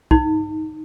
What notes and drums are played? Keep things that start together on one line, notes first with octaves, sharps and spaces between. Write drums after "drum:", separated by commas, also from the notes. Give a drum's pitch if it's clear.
D#4, drum: kick